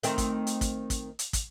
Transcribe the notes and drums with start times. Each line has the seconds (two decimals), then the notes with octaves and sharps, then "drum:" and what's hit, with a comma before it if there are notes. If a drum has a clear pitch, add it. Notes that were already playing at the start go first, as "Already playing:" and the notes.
0.03 D#3 A3 C4, drum: hi-hat
0.18 drum: kick, hi-hat
0.47 drum: hi-hat
0.61 drum: kick, hi-hat
0.90 drum: kick, hi-hat
1.19 drum: hi-hat
1.33 drum: kick, hi-hat